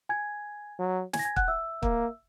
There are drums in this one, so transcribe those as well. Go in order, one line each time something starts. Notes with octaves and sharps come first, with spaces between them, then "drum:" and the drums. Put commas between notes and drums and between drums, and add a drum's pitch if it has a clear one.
G#5 G#6
F#3
G#5 G#6, drum: snare
A#6
G#5 G#6
F#5 F#6, drum: kick
E5 E6
A#3, drum: kick